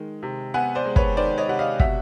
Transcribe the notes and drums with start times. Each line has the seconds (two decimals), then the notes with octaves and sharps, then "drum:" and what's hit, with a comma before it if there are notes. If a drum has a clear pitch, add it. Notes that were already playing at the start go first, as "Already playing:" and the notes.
Already playing: D#3 G#3
0.23 C3
0.54 B3 F#5 G#5
0.75 C5 D5
0.85 G#3
0.96 B4 C#5, drum: kick
1.17 D#3 C5 D5
1.38 C#5 D#5
1.48 C3 F#5
1.59 D#5 F5
1.80 B2 E5 F#5, drum: kick